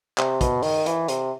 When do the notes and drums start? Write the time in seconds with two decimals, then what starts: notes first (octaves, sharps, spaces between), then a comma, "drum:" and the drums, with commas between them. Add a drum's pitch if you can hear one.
0.18 C3, drum: clap
0.41 B2, drum: kick, hi-hat
0.63 D#3, drum: open hi-hat
0.86 E3, drum: hi-hat
1.08 C3, drum: hi-hat